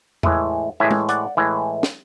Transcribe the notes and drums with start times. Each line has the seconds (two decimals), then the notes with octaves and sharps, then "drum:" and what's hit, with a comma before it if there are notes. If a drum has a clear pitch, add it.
0.23 A2 E3 G#3, drum: tom E2
0.80 A2 E3 G#3 E5 G#5
0.91 drum: tom G#3
1.09 D5 F#5, drum: hi-hat
1.37 A2 E3 G#3
1.83 drum: snare